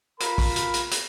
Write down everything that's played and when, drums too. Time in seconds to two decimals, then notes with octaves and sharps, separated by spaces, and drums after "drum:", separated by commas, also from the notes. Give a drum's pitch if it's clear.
0.20 F4 A#4 B5, drum: hi-hat
0.38 drum: kick A#1, open hi-hat
0.56 drum: hi-hat
0.74 drum: hi-hat
0.91 drum: hi-hat